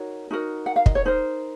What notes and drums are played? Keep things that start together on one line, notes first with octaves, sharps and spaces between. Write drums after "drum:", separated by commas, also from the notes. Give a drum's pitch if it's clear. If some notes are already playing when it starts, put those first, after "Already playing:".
Already playing: D#4 F#4 A#4 C#5
D#4 F#4 A#4
F#5
F5
D#5, drum: kick
C#5
D#4 A#4 C5